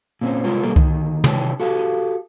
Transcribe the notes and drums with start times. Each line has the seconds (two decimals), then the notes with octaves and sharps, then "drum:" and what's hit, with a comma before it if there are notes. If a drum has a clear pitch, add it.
0.21 A#2 C4 C#4
0.44 C2 G#3 F4 A#4 C#5
0.63 B1 G3 A#3 A4 A#4
0.76 D2 D#3, drum: kick C2
1.24 C3 D#3 E3 C#5 G5 A5, drum: tom
1.60 F#4 G4 A4 F5
1.78 drum: hi-hat